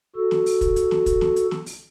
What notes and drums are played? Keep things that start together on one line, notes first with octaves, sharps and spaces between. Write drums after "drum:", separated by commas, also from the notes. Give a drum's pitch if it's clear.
F#4 A4
drum: snare
drum: open hi-hat
drum: kick, hi-hat
drum: hi-hat
drum: snare
drum: kick, hi-hat
drum: snare
drum: hi-hat
drum: snare
drum: open hi-hat